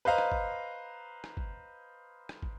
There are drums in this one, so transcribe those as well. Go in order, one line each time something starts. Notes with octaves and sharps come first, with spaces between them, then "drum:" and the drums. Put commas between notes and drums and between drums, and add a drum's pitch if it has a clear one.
B4 C5 D#5 F5 A#5
drum: rim click
drum: kick
drum: rim click
drum: kick
drum: rim click
drum: kick